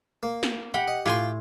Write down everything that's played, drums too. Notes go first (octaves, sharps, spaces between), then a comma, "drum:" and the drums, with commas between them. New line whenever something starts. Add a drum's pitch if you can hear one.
A#3
drum: snare
G4 F#5 G5 B5
D#5
A2 F4 G4 G5 G#5 C6